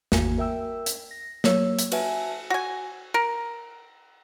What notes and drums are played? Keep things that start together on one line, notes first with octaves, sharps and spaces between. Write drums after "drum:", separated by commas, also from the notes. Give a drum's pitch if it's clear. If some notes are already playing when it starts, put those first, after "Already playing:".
G#1 E2 A#3 F#4 G#5, drum: snare
A#4 E5 G5 E6
drum: hi-hat
A#6
F#3 A#3 C#5 E6, drum: snare
drum: hi-hat
F#4 B4 E5 G#5 A5, drum: cymbal
F#4 G#5
A#4